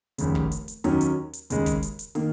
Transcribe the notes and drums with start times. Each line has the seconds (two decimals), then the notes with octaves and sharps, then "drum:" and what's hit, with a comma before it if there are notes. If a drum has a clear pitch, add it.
0.18 F1 D#2 C#3, drum: hi-hat
0.35 drum: kick
0.52 drum: hi-hat
0.68 drum: hi-hat
0.84 D#2 D#3 F#3 C#4, drum: open hi-hat
1.01 drum: hi-hat
1.33 drum: hi-hat
1.50 D#2 C#3 G#3, drum: hi-hat
1.66 drum: kick, hi-hat
1.83 drum: hi-hat
1.99 drum: hi-hat
2.15 D#3 A#3, drum: open hi-hat